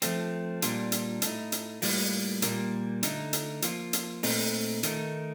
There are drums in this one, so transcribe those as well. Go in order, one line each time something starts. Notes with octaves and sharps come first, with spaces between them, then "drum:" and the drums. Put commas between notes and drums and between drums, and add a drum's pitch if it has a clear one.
F3 A3 C4, drum: hi-hat
A#2 G3 D4 F4, drum: hi-hat
drum: hi-hat
A2 A3 D#4, drum: hi-hat
drum: hi-hat
A2 G3 A#3 F4, drum: open hi-hat
A#2 G3 A#3, drum: hi-hat
D3 A3 D#4, drum: hi-hat
drum: hi-hat
F3 A#3 F4, drum: hi-hat
drum: hi-hat
A#2 A3 C4 D#4, drum: open hi-hat
D#3 A3 D#4, drum: hi-hat